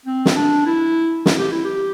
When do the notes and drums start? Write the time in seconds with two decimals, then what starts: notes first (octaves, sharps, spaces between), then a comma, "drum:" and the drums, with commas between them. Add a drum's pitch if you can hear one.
0.06 C4
0.26 drum: snare
0.36 D4
0.66 E4
1.26 drum: snare
1.39 G4
1.51 E4
1.64 G4